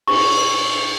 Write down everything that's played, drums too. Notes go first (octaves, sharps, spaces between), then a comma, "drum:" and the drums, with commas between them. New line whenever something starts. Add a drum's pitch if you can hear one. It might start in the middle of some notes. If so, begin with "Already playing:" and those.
C#6, drum: cymbal